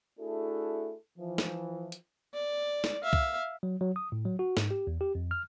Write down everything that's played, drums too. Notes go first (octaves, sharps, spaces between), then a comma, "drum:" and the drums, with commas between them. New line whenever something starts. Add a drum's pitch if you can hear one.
A3 D4 E4 F#4 G#4 A4
E3 F3
drum: snare
drum: hi-hat
D5
drum: snare
E5 F5
drum: kick
F#3
F#3
D#6
A2
F#3
F#4
G#2, drum: snare
G4
E2
G4
F2
F6